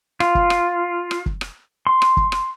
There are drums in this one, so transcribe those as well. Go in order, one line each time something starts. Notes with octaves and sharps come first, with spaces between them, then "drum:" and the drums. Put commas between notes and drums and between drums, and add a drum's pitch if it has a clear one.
F4, drum: rim click
drum: kick
drum: rim click
drum: rim click
drum: kick
drum: rim click
C6
drum: rim click
drum: kick
drum: rim click